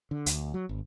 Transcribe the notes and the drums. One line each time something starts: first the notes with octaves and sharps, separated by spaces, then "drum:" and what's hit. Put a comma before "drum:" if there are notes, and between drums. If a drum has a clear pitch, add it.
D3
D2, drum: hi-hat
F#3
G#1